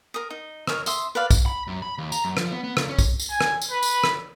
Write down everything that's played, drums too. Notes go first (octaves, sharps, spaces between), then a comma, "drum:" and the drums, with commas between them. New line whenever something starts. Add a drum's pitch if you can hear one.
A#4 D#6
D#4
A#4 C#5 D#5, drum: rim click
E5 C6 D#6, drum: tambourine
B4 D5 F5
drum: kick, tambourine
B5
F#2
B5
D#2
A#5, drum: tambourine
F#2
F3, drum: rim click
B3
B3
C#2, drum: rim click
C#4
drum: kick, tambourine
drum: tambourine
G#5
drum: rim click
drum: tambourine
B4
drum: tambourine
drum: rim click